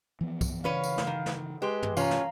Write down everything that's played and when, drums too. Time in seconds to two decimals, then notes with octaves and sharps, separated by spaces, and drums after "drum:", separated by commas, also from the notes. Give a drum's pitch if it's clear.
0.21 E3 F3 B3
0.41 drum: kick C2, tambourine
0.64 C#3 E3 C#4 B4 C#5 F5
0.83 drum: tambourine
0.98 drum: snare
1.07 D#3
1.26 drum: snare
1.62 G#3 G4 B4 C6
1.83 drum: tom
1.97 A2 C3 E3 C#4 F4 F5 A#5, drum: tambourine
2.11 drum: snare